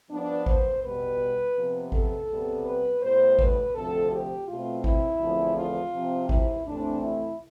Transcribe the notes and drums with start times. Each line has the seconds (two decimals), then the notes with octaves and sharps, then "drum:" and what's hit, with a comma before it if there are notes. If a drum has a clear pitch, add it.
0.10 G2 F3 B3 D4
0.46 C5, drum: kick G#1
0.83 B2 G3 B3 B4
1.56 C3 F3 B3
1.92 A4, drum: kick G#1
2.28 C3 G3 B3
2.65 B4
3.02 A2 G3 B3 C5
3.39 B4, drum: kick G#1
3.75 D2 C3 F3 C4 A4
4.12 G4
4.47 B2 A3 C4 F4
4.84 E4, drum: kick G#1
5.20 E2 D3 F3 A3 C4
5.57 F4
5.94 C3 F3 C4
6.29 E4, drum: kick G#1
6.66 C3 E3 A3 C4 D4
7.02 E4